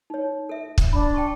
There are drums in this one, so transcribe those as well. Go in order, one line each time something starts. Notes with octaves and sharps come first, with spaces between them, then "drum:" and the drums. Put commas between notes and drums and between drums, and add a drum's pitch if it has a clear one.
D#4 C#5
A4 E5
drum: kick
D4 B5
G5 A5 C#6